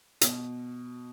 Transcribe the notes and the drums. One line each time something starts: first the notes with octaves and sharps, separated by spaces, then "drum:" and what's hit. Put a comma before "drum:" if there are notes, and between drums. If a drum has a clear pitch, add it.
B2, drum: hi-hat